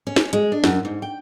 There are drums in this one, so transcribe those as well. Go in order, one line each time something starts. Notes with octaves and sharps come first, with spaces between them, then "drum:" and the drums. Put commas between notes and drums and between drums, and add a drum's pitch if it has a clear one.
C#4
drum: snare
G#3, drum: hi-hat
D4
F#2, drum: snare
G#2
G5